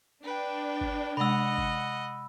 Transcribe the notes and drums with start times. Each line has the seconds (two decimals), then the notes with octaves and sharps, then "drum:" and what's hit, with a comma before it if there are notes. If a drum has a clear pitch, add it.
0.24 D4 B4 G5
0.81 drum: kick G1
1.17 C3 G#3 D#5 F#5 B5 E6
1.58 drum: kick G1